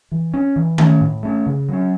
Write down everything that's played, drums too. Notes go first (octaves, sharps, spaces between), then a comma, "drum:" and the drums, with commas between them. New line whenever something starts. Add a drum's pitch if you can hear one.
E3
C#4
E3
A3 C#4, drum: tom D#3
A2
A3 C#4
C#3
F#3 C#4